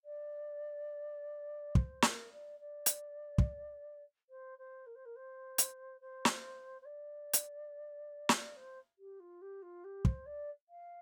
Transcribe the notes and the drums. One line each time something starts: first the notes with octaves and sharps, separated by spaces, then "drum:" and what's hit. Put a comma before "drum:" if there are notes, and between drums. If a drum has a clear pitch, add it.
D5
C5, drum: kick
A#4, drum: snare
D5
D5
drum: hi-hat
drum: kick
C5
C5
A#4
C5
A#4
C5
drum: hi-hat
C5
drum: snare
C5
D5
drum: hi-hat
drum: snare
C5
G4
F4
G4
F4
G4
C5, drum: kick
D5
F5